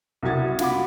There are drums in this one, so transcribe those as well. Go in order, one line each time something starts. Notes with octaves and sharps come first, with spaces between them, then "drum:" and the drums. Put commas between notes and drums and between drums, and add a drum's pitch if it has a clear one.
C2 B2 F#4 G#6 A6
F4 F#4 B5 D6, drum: snare